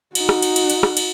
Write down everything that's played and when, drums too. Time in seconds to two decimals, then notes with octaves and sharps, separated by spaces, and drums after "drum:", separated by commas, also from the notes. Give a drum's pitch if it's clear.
0.15 D#4 F#4, drum: cymbal
0.29 drum: rim click
0.42 drum: cymbal
0.56 drum: cymbal
0.70 drum: cymbal
0.83 drum: rim click
0.97 drum: cymbal